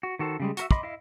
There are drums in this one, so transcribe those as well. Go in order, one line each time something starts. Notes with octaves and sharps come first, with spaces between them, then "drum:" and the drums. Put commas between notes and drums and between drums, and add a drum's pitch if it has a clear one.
F#4
D#3 F#4 A4 C5
C#3 G3 G#3
F#4 A#4 E5, drum: hi-hat
D#5 B5 C6 D6, drum: kick
E4 D#5 F5